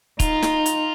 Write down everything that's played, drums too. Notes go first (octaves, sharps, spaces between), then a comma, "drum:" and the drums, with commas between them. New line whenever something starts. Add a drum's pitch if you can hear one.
D#4 F4, drum: kick, hi-hat
drum: snare
drum: hi-hat